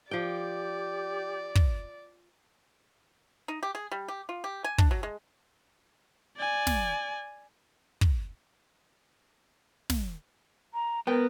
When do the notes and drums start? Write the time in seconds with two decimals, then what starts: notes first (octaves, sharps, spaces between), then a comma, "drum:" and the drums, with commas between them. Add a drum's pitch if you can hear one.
0.11 F3 G4 D5 G5
1.55 drum: kick
3.48 D#4
3.63 G4
3.75 G#4
3.91 G3
4.08 G4
4.29 F4
4.44 G4
4.64 G#5
4.78 D4, drum: kick
4.91 F#3
5.03 G#3
6.37 D5 G#5
6.67 drum: snare
8.01 drum: kick
9.90 drum: snare
10.74 A#5
11.07 B3 A#4 G5